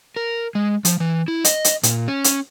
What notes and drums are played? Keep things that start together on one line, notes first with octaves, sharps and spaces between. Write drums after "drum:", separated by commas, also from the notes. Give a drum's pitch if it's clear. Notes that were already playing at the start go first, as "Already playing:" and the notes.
A#4
G#3
F3, drum: hi-hat
E3
E4
D#5, drum: hi-hat
drum: hi-hat
A#2, drum: hi-hat
C#4
drum: hi-hat